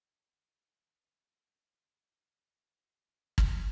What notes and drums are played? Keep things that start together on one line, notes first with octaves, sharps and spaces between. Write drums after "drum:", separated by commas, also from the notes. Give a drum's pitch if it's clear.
D#4 D5 A#5
C#4 D#4
drum: kick